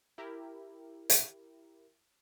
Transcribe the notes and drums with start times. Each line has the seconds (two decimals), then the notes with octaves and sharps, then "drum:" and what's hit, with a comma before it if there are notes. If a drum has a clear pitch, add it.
0.18 E4 G4 A#4
1.10 drum: hi-hat